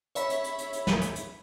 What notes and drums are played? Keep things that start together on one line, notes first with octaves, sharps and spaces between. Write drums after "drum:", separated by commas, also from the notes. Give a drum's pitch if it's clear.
C#5 E5 B5 B6, drum: hi-hat
drum: hi-hat
drum: hi-hat
drum: hi-hat
drum: hi-hat
drum: snare
drum: hi-hat
drum: hi-hat